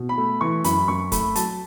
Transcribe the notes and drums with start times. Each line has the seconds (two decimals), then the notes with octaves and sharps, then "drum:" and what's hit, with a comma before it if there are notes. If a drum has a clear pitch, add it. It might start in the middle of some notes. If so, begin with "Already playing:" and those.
Already playing: B2
0.09 B5
0.18 A3
0.41 E3 C#6
0.64 F#2 B5, drum: hi-hat
0.88 F#2 C#6
1.12 A3 B5, drum: kick, hi-hat
1.36 F#3 A5, drum: hi-hat